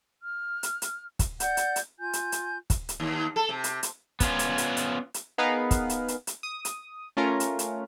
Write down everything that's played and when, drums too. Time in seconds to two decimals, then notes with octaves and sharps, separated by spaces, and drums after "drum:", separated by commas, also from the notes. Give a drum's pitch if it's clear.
0.19 F6
0.63 drum: hi-hat
0.82 drum: hi-hat
1.19 drum: kick, hi-hat
1.40 D5 F#5 G6, drum: hi-hat
1.57 drum: hi-hat
1.76 drum: hi-hat
1.99 F4 G#5 G6
2.13 drum: hi-hat
2.32 drum: hi-hat
2.70 drum: kick, hi-hat
2.89 drum: hi-hat
3.00 D#2
3.36 A4
3.49 C3
3.64 drum: hi-hat
3.83 drum: hi-hat
4.20 B3 C#4 F4, drum: kick, hi-hat
4.39 drum: hi-hat
4.58 drum: hi-hat
4.77 drum: hi-hat
5.14 drum: hi-hat
5.38 B3 D#4 G#4 A#4 B4 F5
5.71 drum: kick, hi-hat
5.90 drum: hi-hat
6.08 drum: hi-hat
6.27 drum: hi-hat
6.43 D#6
6.65 drum: hi-hat
7.17 A3 C#4 F4 A#4
7.40 drum: hi-hat
7.59 drum: hi-hat